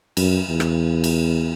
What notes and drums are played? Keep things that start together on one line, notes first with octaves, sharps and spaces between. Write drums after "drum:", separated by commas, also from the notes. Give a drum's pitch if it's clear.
F#2, drum: cymbal
E2
drum: rim click
drum: cymbal